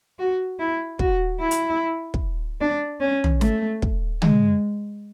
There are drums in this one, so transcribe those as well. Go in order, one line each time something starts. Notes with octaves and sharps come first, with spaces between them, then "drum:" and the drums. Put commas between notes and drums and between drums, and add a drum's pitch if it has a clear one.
F#4
E4
F#4, drum: kick
E4
drum: hi-hat
drum: kick
D4
C#4
drum: tom
A3, drum: snare
drum: kick
G#3, drum: tom